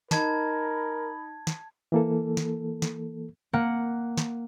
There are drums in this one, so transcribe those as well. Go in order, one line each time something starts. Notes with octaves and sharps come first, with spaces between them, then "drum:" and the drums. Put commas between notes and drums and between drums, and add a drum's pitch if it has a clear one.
D#4 A#4 A5 B5 G#6, drum: snare
drum: snare
E3 A#3 A4
drum: snare
drum: snare
A#3 F#5
drum: snare